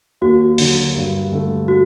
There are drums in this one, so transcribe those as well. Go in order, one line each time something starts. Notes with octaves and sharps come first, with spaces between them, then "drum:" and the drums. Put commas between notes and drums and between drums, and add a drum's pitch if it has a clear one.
D#2 F#4
D3 F#3, drum: open hi-hat
G2
D3 A3
F#4